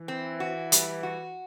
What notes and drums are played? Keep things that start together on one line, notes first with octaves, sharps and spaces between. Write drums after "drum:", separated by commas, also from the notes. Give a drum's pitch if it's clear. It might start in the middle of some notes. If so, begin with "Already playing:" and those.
Already playing: E3
C4
F#4
G3, drum: hi-hat
F#4